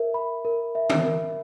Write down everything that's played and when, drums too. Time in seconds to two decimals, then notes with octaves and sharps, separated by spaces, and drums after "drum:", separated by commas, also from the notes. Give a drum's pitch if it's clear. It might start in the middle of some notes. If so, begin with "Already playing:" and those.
Already playing: A#4 E5
0.14 B5
0.45 A#4
0.75 E5
0.90 drum: tom D3
1.05 A#4